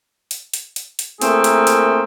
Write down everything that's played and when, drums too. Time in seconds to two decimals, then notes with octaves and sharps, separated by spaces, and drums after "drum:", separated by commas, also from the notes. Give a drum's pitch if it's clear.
0.31 drum: hi-hat
0.54 drum: hi-hat
0.76 drum: hi-hat
0.99 drum: hi-hat
1.22 A3 A#3 C4 E4 G#4 A#4, drum: hi-hat
1.44 drum: hi-hat
1.67 drum: hi-hat